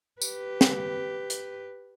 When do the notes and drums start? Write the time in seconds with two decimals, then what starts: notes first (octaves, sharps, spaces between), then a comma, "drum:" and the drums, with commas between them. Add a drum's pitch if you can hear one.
0.22 G4 B4, drum: tambourine
0.61 drum: snare
1.30 drum: hi-hat